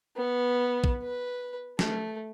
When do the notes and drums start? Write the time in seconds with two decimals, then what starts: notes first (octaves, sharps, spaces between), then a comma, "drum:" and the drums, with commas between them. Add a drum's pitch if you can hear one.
0.17 B3
0.84 drum: kick A#1
1.03 B4
1.79 A3, drum: snare